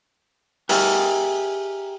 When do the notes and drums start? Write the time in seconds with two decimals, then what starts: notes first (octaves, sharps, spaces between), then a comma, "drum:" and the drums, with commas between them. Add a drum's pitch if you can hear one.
0.69 G4 G#4 A#4 E5, drum: open hi-hat